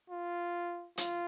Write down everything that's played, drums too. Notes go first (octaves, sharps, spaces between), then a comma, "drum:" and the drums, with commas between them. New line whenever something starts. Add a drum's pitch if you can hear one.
F4
F4, drum: hi-hat